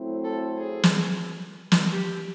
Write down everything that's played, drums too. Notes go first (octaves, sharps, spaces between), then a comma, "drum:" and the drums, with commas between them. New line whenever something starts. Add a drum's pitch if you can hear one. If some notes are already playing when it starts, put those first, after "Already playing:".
Already playing: F#3 A3 C4 E4
A4
G#4
drum: snare
drum: snare
G4